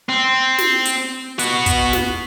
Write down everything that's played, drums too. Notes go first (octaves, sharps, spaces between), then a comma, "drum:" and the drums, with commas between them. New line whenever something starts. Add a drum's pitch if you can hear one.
C4
drum: snare
drum: hi-hat
B3 F#4, drum: hi-hat
drum: kick, hi-hat
drum: snare